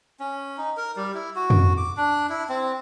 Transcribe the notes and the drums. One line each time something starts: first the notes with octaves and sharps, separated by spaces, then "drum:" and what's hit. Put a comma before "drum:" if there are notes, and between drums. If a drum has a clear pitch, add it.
C#4
D#4
A#4
G3
E4
F#4
drum: tom F2
D6
D4
E4
C4